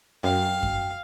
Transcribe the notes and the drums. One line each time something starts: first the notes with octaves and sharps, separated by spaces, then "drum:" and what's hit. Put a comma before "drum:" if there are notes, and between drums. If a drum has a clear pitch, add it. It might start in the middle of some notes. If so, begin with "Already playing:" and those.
F#2 F5 G5
drum: kick F#2